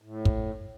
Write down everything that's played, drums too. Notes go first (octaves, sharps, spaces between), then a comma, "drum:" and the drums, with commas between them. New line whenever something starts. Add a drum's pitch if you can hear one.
A2
drum: kick